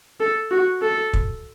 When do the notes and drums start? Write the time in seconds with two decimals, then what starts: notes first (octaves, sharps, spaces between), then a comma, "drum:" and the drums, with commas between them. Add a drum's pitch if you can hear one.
0.20 A4
0.52 F#4
0.82 A4
1.13 drum: kick